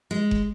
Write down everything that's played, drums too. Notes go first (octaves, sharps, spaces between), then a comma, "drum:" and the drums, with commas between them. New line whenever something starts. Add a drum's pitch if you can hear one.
G#3
drum: kick